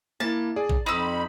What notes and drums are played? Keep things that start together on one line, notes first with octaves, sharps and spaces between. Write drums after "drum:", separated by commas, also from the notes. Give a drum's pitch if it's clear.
A#3 E4 A5
G#4 D5
drum: kick A1
F2 D#4 B5 C6 E6